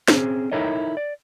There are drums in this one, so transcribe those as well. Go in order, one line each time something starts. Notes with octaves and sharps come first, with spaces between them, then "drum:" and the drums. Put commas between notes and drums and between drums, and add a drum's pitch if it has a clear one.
C4 C#4 G#4 C5, drum: snare
D#4 E4 A4 A#4 C#5 D#5
D5